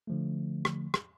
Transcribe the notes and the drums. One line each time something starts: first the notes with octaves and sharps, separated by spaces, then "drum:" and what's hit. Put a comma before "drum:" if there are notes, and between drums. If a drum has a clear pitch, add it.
D3 F3 A3
drum: rim click
drum: rim click